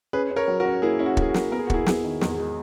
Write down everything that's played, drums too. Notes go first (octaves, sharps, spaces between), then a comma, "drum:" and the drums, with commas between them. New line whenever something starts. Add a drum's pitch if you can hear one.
C#4 G#4 B4
C#4
A#4 C#5
F#3
F#4 A#4
C#4
A#3 E4 G#4
C#4 E4
F#4
E4, drum: kick
G#4
F#4
A#3, drum: snare
B3 A#4
G#4
F#4
E2 E4 G#4, drum: kick
B3, drum: snare
D#3
E2, drum: snare
G#3